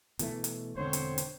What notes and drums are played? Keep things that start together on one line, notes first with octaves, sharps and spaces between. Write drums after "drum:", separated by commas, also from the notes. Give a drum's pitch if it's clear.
B2 E3 A3, drum: hi-hat
drum: hi-hat
E1 D3 C4 C5 C#5
drum: hi-hat
drum: hi-hat